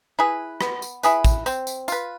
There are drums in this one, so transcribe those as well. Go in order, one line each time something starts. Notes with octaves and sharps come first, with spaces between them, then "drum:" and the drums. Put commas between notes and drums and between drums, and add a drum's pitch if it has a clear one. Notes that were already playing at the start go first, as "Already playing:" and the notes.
E4 G#4 B4
B3, drum: rim click
drum: tambourine
E4 G#4 B4, drum: tambourine
drum: kick, tambourine
C4, drum: tambourine
drum: tambourine
F4 B4, drum: tambourine